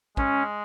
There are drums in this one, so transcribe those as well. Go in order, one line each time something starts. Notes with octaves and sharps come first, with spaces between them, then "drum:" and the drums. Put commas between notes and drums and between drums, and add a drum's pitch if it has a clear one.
G#3 C#4, drum: kick